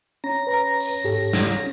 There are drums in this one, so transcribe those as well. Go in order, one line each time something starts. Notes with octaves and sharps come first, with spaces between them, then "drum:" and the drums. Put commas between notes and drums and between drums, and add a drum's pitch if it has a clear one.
C#4 A#5 A#6
B4 A#5
drum: open hi-hat
G#2 G4 A4
drum: snare